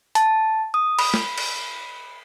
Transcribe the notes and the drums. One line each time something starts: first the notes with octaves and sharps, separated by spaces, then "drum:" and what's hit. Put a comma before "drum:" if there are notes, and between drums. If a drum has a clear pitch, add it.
A5, drum: hi-hat
D#6
B5, drum: cymbal
drum: snare
drum: cymbal